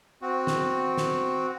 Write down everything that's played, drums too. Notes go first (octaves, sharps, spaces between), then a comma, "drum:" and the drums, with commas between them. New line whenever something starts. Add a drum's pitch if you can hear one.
C4 F#4
drum: snare
drum: snare